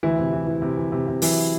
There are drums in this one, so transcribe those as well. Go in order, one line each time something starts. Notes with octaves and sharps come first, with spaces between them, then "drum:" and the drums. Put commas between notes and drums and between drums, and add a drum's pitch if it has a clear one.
D2 E3 E4
C3
E3
E3
C3
E3
C3
C3
E3 F#3 E4, drum: open hi-hat